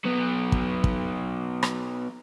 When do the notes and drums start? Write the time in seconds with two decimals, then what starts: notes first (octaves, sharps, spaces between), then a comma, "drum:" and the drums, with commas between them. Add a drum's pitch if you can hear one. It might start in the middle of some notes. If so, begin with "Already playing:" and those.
0.05 F#3 B3
0.52 drum: kick
0.84 drum: kick
1.63 drum: rim click